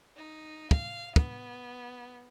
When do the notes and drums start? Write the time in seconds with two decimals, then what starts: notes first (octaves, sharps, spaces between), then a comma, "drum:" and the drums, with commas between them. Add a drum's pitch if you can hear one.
0.17 D#4
0.71 F5, drum: kick
1.16 B3, drum: kick